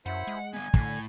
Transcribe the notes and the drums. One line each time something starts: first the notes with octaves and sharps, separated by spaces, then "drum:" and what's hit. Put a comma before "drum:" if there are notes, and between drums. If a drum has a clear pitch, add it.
F#2 E4 C5 F#5 B5
G#3
G3 B3 G#5
A2 D3, drum: kick